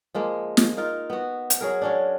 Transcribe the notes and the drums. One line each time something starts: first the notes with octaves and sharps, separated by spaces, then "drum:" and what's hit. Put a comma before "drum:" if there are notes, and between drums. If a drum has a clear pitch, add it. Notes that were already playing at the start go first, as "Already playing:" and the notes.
F3 G#3 A#3
drum: snare
D#4 F4 A#4
B3 F#4
drum: hi-hat
F#3 G#4 A#4
F#3 C#4 D4